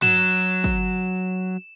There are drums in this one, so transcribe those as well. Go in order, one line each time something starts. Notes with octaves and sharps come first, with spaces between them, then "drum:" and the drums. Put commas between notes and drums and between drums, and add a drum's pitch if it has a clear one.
F#3 E7, drum: tom G2
drum: kick